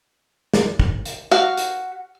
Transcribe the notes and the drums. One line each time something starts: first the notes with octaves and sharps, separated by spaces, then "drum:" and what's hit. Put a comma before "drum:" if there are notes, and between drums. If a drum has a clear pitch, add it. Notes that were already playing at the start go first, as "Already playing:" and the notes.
drum: snare
drum: kick
drum: hi-hat
F#4 F5
drum: hi-hat